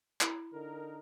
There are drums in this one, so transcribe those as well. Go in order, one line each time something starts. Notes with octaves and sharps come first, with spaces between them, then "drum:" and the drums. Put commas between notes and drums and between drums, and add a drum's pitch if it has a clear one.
E4 A#5 B5, drum: clap
D3 D#4 A#4